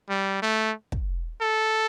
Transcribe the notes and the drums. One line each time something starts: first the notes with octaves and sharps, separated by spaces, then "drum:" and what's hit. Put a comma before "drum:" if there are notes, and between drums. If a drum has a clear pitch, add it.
G3
A3
drum: kick
A4